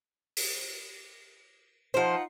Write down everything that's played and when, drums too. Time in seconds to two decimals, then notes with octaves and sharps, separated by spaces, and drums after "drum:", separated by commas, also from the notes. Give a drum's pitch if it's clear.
0.37 drum: open hi-hat
1.94 F3 D#4 F4 C5 F#5